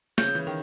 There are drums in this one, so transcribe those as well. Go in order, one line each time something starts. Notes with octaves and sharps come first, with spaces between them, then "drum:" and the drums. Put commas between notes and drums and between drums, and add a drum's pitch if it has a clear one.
C#3 G6, drum: snare
E3
D#3